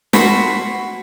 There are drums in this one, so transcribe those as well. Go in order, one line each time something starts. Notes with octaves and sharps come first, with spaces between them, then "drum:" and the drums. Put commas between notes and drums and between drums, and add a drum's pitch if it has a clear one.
F#4 B5 C6, drum: snare